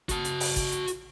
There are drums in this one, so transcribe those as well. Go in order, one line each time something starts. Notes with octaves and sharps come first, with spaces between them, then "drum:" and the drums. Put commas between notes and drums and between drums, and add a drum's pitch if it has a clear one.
F#4 A5, drum: kick G1, hi-hat
drum: hi-hat
drum: open hi-hat
drum: kick G1, hi-hat
drum: hi-hat
drum: hi-hat